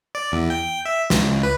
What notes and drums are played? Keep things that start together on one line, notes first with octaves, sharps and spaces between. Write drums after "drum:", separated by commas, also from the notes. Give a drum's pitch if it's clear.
D5
E2
G5
E5
C#2, drum: snare
B4